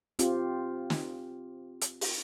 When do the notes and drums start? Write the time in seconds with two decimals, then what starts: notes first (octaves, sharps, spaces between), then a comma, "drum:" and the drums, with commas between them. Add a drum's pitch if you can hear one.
0.19 C4 F4 G4, drum: hi-hat
0.90 drum: snare
1.81 drum: hi-hat
2.01 drum: open hi-hat